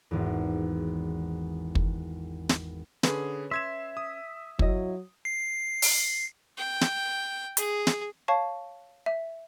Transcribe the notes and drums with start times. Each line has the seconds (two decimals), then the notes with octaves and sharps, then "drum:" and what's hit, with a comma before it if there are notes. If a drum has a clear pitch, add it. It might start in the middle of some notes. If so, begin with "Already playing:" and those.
0.11 G#1 E2
1.75 drum: kick
2.49 drum: snare
3.03 D3 C#4 G#4 B4, drum: snare
3.51 E5 C6 G#6 E7
3.97 D#6
4.59 F#3 E4 D#5, drum: kick
5.25 C7
5.82 drum: open hi-hat
6.57 G5
6.81 drum: snare
7.57 G#4, drum: hi-hat
7.87 drum: snare
8.28 C#5 F5 A5 C#6
9.06 E5